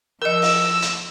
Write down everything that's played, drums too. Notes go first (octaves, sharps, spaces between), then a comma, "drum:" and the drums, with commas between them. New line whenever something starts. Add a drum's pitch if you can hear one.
F3 A#4 D#5 E6
drum: open hi-hat
drum: hi-hat